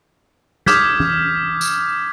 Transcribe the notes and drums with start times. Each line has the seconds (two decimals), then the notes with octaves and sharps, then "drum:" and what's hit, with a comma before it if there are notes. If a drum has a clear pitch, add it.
0.66 D6 D#6 F6 G6 G#6 B6, drum: snare
1.00 drum: tom E3
1.61 drum: tambourine